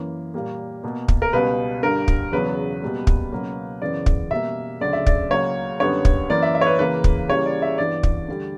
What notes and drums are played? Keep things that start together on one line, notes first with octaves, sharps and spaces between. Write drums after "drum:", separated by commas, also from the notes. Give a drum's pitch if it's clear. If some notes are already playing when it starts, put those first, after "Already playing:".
Already playing: F#2 E3 A#3
A#2 G3 A#3
B2 A#3
drum: kick
A#4
C#2 B2 G3 B4
G2 D3 G3 A#4
drum: kick
E2 C#3 F#3 B3 B4
B2 G3 A#3
drum: kick
C#2 B2 F#3 A#3
F#2 C#3 E3 B3 D5
drum: kick
B2 G3 A#3 E5
D2 C#3 F#3 D5
E5
D5, drum: kick
C#2 C#3 F#3 A#3 C#5
F#2 D3 G3 B3 C#5
drum: kick
F#2 E3 A#3 D5
E5
E5
C#5
B4
C#2 C#3 E3 A#3 B4
drum: kick
C#2 C#3 E3 G3 A#3 C#5
D5
E5
G2 E3 B3 D5
drum: kick
D2 D3 G3